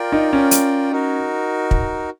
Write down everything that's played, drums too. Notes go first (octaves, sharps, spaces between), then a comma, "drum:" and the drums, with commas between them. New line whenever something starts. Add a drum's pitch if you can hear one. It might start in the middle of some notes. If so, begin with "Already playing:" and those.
Already playing: F4 A#4 D5 G5
D#4
C#4
drum: hi-hat
D#4 F#4 A#4
drum: kick